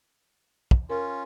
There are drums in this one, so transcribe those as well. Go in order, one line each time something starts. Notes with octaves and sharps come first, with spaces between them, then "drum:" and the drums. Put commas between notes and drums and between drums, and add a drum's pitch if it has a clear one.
drum: kick
C#4 F4 A#4